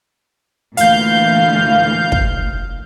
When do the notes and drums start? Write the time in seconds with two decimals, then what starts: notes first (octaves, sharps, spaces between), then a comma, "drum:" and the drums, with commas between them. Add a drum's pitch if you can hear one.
0.77 D2 A#2 E3 F5 G6, drum: hi-hat
2.12 drum: kick